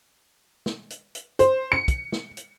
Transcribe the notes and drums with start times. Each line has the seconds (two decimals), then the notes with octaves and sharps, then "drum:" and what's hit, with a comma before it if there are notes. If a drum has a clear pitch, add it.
0.66 drum: snare
0.90 drum: hi-hat
1.15 drum: hi-hat
1.39 C5, drum: hi-hat
1.72 C#7
1.88 drum: kick, hi-hat
2.12 drum: snare
2.37 drum: hi-hat